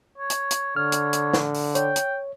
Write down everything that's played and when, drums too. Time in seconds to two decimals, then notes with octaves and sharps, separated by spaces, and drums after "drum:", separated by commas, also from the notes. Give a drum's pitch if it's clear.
0.18 C#5
0.30 drum: hi-hat
0.51 drum: hi-hat
0.76 D3 C#5 F6
0.92 drum: hi-hat
1.13 drum: hi-hat
1.34 drum: snare
1.54 drum: open hi-hat
1.75 C#5 G5, drum: hi-hat
1.96 drum: hi-hat